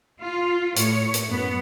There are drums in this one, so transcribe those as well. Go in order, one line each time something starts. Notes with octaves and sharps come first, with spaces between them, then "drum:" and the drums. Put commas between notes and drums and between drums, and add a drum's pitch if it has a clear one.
F4
A2 C#5, drum: hi-hat
drum: hi-hat
F#2 B3